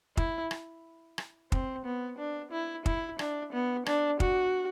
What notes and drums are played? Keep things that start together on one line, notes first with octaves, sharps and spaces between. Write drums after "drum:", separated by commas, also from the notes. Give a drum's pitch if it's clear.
E4, drum: kick
drum: rim click
drum: rim click
C4, drum: kick
B3
D4
E4
E4, drum: kick
D4, drum: rim click
B3
D4, drum: rim click
F#4, drum: kick